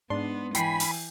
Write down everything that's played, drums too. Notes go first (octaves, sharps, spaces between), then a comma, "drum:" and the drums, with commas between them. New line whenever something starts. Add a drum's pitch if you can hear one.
G#2 B3 D4 C6
E3 G5 G#5 B5 C7, drum: hi-hat
drum: open hi-hat